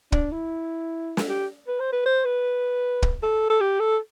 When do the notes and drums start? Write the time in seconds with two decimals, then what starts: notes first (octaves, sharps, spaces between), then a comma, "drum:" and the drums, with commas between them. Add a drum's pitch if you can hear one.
0.12 D4, drum: kick
0.32 E4
1.17 drum: snare
1.29 G4
1.68 B4
1.80 C5
1.92 B4
2.06 C5
2.25 B4
3.02 drum: kick
3.23 A4
3.50 A4
3.61 G4
3.80 A4